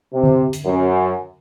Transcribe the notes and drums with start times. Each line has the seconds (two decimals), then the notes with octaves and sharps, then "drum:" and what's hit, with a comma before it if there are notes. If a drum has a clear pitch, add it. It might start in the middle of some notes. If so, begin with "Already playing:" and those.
0.13 C3
0.23 drum: tom D3
0.53 drum: hi-hat
0.65 F#2